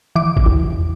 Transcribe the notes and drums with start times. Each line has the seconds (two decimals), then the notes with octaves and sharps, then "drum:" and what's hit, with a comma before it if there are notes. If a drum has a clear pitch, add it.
0.16 E3 D6
0.37 drum: kick
0.46 E2